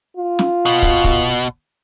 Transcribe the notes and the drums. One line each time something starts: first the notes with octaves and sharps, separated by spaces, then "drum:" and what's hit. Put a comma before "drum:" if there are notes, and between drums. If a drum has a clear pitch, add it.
F4
drum: snare
B2
drum: kick
drum: kick